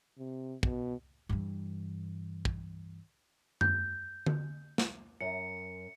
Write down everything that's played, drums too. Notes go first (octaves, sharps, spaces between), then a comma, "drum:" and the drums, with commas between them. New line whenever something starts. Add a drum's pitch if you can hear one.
C3
B2, drum: kick
G2 E3
drum: kick
G6, drum: tom F#2
drum: tom D3
drum: snare
F#2 C#7